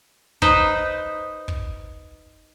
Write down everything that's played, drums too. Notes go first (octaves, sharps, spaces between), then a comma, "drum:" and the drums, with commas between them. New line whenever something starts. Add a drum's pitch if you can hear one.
D#4 B4 C5, drum: kick
drum: kick